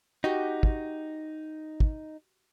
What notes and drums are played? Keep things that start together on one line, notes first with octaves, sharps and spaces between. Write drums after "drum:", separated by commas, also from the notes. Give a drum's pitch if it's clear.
D#4 F#4 G4 D#5
drum: kick
drum: kick